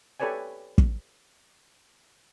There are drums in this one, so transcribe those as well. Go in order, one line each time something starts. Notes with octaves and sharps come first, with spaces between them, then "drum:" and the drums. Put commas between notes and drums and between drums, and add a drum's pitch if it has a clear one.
G4 A4 B4 C#5 D5 G#5
drum: kick